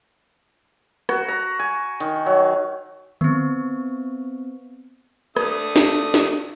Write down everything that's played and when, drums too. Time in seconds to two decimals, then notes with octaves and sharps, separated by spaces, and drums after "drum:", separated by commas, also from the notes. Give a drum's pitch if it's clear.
1.09 F#4, drum: rim click
1.28 A#5
1.59 G#5
2.00 D#3, drum: hi-hat
2.26 F#3
3.21 B3 C4, drum: tom D3
5.37 A3 D4 D#6, drum: rim click
5.76 drum: snare
6.14 drum: snare